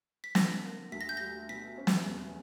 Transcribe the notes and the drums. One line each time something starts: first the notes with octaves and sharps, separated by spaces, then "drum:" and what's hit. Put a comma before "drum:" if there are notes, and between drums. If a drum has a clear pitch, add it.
B6
D3 A#6, drum: snare
A#3
D2 B6
A#6
G6
G3 A#6
B2 B6
C#4
drum: snare
E2